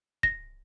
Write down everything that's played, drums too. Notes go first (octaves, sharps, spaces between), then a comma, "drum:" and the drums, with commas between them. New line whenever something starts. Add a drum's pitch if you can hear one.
A#6, drum: kick